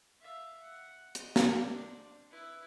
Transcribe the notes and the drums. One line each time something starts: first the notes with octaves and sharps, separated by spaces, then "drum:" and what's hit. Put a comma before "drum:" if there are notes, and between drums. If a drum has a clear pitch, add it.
E5 F5
F#5
D#5, drum: hi-hat
drum: snare
C4 D4
E4 B4